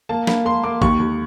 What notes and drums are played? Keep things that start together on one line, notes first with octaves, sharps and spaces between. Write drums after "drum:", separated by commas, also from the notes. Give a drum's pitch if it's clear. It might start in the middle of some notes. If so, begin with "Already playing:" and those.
A#3 A5
A#3 B5, drum: snare
A#3 C6
A#3 D6
D#2 C#6, drum: kick
D#2